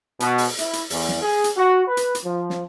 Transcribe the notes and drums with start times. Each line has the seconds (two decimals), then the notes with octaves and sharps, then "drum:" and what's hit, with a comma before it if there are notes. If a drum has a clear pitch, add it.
0.20 B2, drum: hi-hat
0.38 drum: open hi-hat
0.59 E4, drum: hi-hat
0.73 drum: hi-hat
0.90 E2, drum: open hi-hat
1.09 drum: snare
1.22 G#4
1.44 drum: hi-hat
1.57 F#4
1.87 B4
1.97 drum: hi-hat
2.15 drum: hi-hat
2.25 F3
2.50 drum: snare